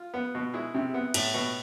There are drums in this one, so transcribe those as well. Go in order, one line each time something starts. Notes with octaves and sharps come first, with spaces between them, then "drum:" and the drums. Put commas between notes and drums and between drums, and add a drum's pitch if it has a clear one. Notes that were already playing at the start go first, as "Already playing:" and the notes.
Already playing: F4
B3
B2
G#3 E4 G#4
C3
B3
A2, drum: cymbal
B2